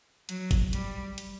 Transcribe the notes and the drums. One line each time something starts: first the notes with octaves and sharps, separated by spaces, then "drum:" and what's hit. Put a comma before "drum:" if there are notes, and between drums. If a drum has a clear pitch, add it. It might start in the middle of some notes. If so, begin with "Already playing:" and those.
F#3, drum: hi-hat
drum: kick, hi-hat
G3, drum: hi-hat
drum: hi-hat